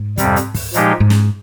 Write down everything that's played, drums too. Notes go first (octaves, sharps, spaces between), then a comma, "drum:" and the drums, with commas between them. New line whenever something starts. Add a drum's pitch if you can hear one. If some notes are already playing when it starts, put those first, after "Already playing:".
Already playing: G#2
F2 C3 G3, drum: kick, hi-hat
drum: hi-hat
drum: kick, open hi-hat
A#2 F3 G#3 D#4 G4, drum: hi-hat
G#2
drum: snare